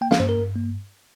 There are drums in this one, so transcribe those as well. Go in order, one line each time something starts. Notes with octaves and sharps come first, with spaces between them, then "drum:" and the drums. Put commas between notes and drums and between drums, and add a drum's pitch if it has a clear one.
A#3 G5
F5, drum: snare
G2 C5
A#4
G2
A#3